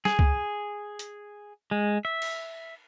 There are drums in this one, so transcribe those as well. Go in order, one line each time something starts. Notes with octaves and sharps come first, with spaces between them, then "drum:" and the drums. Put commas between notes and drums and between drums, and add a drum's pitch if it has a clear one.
G#4, drum: snare
drum: kick
drum: hi-hat
G#3
E5
drum: cymbal